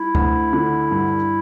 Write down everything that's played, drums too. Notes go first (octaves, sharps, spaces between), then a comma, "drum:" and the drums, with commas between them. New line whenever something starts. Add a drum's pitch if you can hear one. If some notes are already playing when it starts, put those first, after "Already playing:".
Already playing: G3 E4
D2, drum: kick C#2
D3
G2